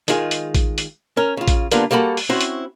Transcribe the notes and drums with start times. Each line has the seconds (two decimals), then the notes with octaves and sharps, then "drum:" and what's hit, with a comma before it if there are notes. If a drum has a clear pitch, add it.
0.08 D#3 G#3 F4 G#4, drum: hi-hat
0.31 drum: hi-hat
0.54 drum: kick A1, hi-hat
0.78 drum: hi-hat
1.17 C#4 A#4
1.37 C#3 F4
1.48 drum: kick A1, hi-hat
1.71 D3 G3 A#3 B3 D4 F4, drum: hi-hat
1.91 G3 A#3 F#4 A4 B5
2.17 drum: open hi-hat
2.29 C4 C#4 E4 F#4 C5
2.41 drum: hi-hat